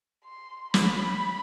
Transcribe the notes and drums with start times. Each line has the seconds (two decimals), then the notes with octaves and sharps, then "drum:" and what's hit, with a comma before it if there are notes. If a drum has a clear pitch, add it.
0.25 C6
0.74 B5, drum: snare